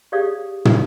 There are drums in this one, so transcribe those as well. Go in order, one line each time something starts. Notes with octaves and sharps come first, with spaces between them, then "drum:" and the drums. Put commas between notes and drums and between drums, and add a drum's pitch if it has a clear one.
G4 G#4 C#5 D5 F5 D#6
drum: tom